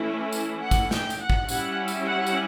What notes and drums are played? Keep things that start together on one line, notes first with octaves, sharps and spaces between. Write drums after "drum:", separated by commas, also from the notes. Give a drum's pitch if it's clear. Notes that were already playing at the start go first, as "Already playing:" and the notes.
Already playing: E3 A3 C#4 E4
drum: tambourine
F#5
drum: kick, tambourine
G5, drum: snare
drum: tambourine
F#5
drum: kick
G3 C#4 E4 F#5, drum: tambourine
drum: tambourine
F#5
drum: tambourine